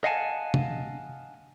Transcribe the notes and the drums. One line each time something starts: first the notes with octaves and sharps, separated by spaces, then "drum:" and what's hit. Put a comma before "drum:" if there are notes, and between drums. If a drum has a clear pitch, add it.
D#5 F5 F#5 G#5 A5
drum: tom